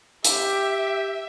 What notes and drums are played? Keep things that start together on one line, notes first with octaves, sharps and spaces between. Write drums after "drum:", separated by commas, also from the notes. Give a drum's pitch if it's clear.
G4 E5, drum: hi-hat